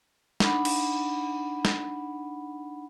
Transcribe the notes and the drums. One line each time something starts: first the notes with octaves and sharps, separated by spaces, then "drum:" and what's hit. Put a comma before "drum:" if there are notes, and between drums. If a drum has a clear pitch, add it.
D4 D#4 F#5 B5, drum: snare
drum: cymbal
drum: snare